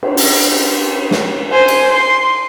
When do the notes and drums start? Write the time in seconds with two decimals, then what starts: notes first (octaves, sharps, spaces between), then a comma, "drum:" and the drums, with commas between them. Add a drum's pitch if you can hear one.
0.03 drum: cymbal
0.17 drum: open hi-hat
1.11 drum: snare
1.52 C5 G#5
1.68 drum: cymbal
1.94 C6